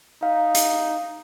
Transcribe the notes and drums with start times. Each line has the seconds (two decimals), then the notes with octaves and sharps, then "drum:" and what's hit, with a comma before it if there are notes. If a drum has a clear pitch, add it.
0.23 D#4 F5
0.55 drum: hi-hat